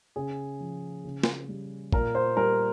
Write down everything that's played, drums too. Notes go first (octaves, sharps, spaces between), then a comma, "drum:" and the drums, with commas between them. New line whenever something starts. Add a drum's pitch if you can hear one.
C#3 G#4
F3
C#3
drum: snare
G3
A#2 A#4, drum: kick
C5
G3 A#4